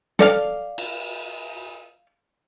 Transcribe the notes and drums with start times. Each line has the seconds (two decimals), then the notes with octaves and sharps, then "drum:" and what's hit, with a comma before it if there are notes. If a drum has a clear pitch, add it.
0.19 A4 D5 F5, drum: snare
0.78 drum: cymbal